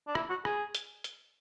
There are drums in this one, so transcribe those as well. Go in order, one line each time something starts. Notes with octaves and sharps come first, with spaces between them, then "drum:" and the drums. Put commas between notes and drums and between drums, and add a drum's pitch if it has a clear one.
D4
E4, drum: rim click
F#4
G#4, drum: rim click
drum: hi-hat
drum: hi-hat